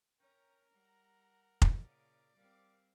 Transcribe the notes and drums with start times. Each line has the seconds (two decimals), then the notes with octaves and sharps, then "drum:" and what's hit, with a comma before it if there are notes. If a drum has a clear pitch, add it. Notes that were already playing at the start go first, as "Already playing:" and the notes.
0.20 C#4 A#4 C#5 G5 A#5
0.73 G3 F#5 A#5
1.62 drum: kick F1
1.78 A#2 C#3 D5
2.35 G3 C4 A#4 F5 D6